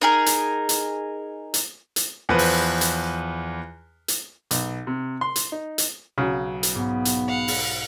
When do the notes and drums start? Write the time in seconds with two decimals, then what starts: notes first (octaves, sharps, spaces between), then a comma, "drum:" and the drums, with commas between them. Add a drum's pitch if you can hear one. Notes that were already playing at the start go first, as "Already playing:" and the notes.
0.01 D#4 G#4 A#4
0.26 drum: hi-hat
0.69 drum: hi-hat
1.54 drum: hi-hat
1.96 drum: hi-hat
2.29 E2 F3 B4
2.39 drum: open hi-hat
2.81 drum: hi-hat
4.08 drum: hi-hat
4.51 B1, drum: hi-hat
4.87 C3
5.21 C6
5.36 drum: hi-hat
5.52 D#4
5.78 drum: hi-hat
6.18 B1 C#3 F#3
6.63 drum: hi-hat
6.75 G#2 B3
7.05 drum: hi-hat
7.28 F5 F#5 B5
7.48 drum: open hi-hat